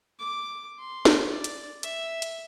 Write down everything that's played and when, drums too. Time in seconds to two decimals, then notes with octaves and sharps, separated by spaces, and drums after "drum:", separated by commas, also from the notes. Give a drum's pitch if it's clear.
0.19 D6
0.79 C6
1.05 drum: snare
1.29 D5
1.44 drum: hi-hat
1.83 E5, drum: hi-hat
2.22 drum: hi-hat